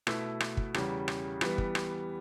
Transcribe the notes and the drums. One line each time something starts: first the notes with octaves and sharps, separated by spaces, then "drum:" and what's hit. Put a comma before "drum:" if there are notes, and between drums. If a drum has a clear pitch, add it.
B2 A3 E4, drum: rim click
drum: rim click
drum: kick
E2 C#3 G3 C#4, drum: rim click
drum: rim click
E3 G3 B3, drum: rim click
drum: kick
drum: rim click